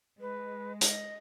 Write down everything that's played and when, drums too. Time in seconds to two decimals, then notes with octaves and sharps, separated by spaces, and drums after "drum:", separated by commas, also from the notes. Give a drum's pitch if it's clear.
0.21 G#3 B4
0.81 D#5, drum: hi-hat